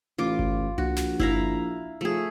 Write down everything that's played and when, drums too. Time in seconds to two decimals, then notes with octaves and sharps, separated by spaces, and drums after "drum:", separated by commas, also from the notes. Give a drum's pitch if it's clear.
0.18 A1 F4 D6
0.39 drum: kick G1
0.78 A#1 F#4, drum: tom C2
0.96 drum: snare
1.20 E4 F5 A#5, drum: kick G1
2.01 F3 A3 G#4